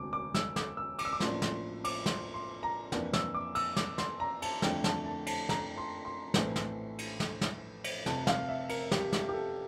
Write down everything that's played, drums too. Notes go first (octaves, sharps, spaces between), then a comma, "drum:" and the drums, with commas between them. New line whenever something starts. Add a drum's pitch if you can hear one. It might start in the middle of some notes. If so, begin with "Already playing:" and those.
Already playing: E1 D2 C3 D6
D6
E6, drum: snare
D6, drum: snare
E6
D6, drum: cymbal
E6
D6
A1 A2 F3 A#3 D4 C6, drum: snare
C6, drum: snare
D6, drum: cymbal
C6, drum: snare
C6
A#5
F2 E3 A#3 D4, drum: snare
E6, drum: snare
D6
E6, drum: cymbal
D6, drum: snare
C6, drum: snare
A#5
A5, drum: cymbal
F2 D3 A3 G5, drum: snare
A5, drum: snare
A5
A5, drum: cymbal
A#5, drum: snare
C6
C6
A#1 A2 E3 A3 C4, drum: snare
drum: snare
drum: cymbal
drum: snare
drum: snare
drum: cymbal
F1 F2 C3 A5, drum: snare
F5, drum: snare
E5
A#4, drum: cymbal
G4, drum: snare
G4, drum: snare
G4
A4